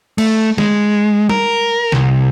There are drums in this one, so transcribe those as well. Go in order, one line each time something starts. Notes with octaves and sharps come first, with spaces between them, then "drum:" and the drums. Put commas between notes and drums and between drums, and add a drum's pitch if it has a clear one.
A3, drum: cymbal
G#3, drum: snare
A#4, drum: tom G3
C2, drum: snare